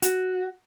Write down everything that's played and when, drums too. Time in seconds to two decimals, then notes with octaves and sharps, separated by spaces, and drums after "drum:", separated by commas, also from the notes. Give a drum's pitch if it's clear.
0.02 F#4, drum: hi-hat